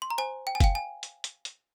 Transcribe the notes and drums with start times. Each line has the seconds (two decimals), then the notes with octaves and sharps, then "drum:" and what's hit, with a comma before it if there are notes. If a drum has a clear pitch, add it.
0.02 C6
0.10 A#5
0.18 C5 G#5
0.47 G5
0.55 G#5
0.60 F5 G5, drum: kick F#1, hi-hat
0.75 G#5
1.03 drum: hi-hat
1.24 drum: hi-hat
1.45 drum: hi-hat